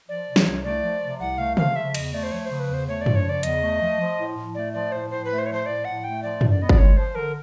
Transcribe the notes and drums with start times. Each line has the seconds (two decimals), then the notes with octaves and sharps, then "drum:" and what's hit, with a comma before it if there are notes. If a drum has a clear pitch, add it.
0.09 F3 D5
0.27 C3
0.36 C#5, drum: snare
0.46 C2
0.64 A3 D5
0.83 F3
1.02 C3
1.20 C2 F#5
1.38 A3 F5
1.57 F3 F5, drum: tom
1.76 C#3 E5
1.94 E2 D#5, drum: cymbal
2.13 A3 D5
2.23 C5
2.32 F3 C#5
2.45 C#3 C5
2.60 B4
2.69 E2 C5
2.87 A3 C#5
3.01 D5
3.06 F3, drum: tom
3.15 C#5
3.24 C#3 D5
3.43 E2 D#5, drum: hi-hat
3.62 A3
3.81 F3
3.99 F3
4.17 A2
4.37 A2
4.55 A3 D5
4.73 F3 D5
4.92 A2 C5
5.10 A2 C5
5.25 A3 B4
5.38 C5
5.46 F3 C#5
5.53 C5
5.66 A2 D5
5.85 A2 F#5
6.04 A3 G5
6.22 F3 D5
6.41 D3, drum: tom
6.50 D5
6.59 B3 D#5
6.69 D5, drum: kick G1
6.78 G#3 C#5
6.97 F3 C5
7.15 D3 A#4